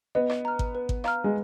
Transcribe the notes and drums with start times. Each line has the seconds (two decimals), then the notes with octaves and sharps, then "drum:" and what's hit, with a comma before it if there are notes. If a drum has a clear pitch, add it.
0.15 B3 D#5
0.30 drum: rim click
0.45 A#5 F6
0.59 drum: kick G#1
0.75 B4
0.89 drum: kick G#1
1.04 F5 A#5 F6, drum: rim click
1.24 G#3